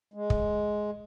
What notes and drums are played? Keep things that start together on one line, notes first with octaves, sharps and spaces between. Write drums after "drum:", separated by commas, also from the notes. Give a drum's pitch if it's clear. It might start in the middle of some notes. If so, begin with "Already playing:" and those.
G#3
drum: kick